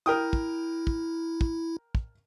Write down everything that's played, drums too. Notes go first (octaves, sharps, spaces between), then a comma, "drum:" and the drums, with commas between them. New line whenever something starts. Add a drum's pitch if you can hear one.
E4 A#4 G5 D#6
drum: kick
drum: kick
drum: kick
drum: kick